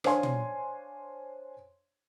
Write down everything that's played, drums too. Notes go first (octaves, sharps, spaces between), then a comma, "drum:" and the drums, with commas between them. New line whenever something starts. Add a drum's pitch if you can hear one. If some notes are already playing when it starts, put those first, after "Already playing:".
D4 C5 C#5 F5 G#5 C6, drum: rim click
drum: tom